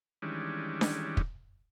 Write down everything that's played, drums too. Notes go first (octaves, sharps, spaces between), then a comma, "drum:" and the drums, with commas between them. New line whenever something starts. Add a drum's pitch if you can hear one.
D#3 E3 G3 G#3 C#4 D4
drum: snare D4
drum: kick